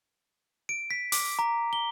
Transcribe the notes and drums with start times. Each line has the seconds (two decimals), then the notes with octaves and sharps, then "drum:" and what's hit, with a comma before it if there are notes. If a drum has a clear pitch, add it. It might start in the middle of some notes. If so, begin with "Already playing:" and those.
0.69 D7
0.91 B6
1.12 D6, drum: open hi-hat
1.39 A#5
1.73 G7